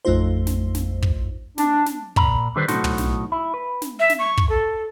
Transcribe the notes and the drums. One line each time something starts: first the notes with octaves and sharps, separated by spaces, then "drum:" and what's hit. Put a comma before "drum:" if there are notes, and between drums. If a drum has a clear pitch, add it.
A1 F2 A3 D#4 F4 C5
drum: snare
drum: snare
drum: kick
D4, drum: snare
drum: snare
A#2 A#5 B5, drum: kick
D3 D#3 G3 B4 C5
B1 A2 D#4 F#4 A4 C5, drum: snare
drum: tom
drum: snare
E4
B4
drum: snare
E5
drum: snare
C#6
drum: kick
A4